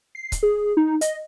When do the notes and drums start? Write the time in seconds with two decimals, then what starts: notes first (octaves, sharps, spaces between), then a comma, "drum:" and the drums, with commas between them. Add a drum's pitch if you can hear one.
0.15 C7
0.32 drum: kick C#1, hi-hat
0.43 G#4
0.77 D#4
1.01 D#5, drum: hi-hat